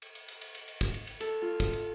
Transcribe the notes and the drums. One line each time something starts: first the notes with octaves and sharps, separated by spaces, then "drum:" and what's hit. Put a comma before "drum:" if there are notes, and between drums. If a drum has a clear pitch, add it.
drum: cymbal
drum: cymbal
drum: cymbal
drum: cymbal
drum: cymbal
drum: cymbal
drum: kick, cymbal
drum: cymbal
drum: cymbal
A4, drum: cymbal
F4
drum: kick, cymbal
drum: cymbal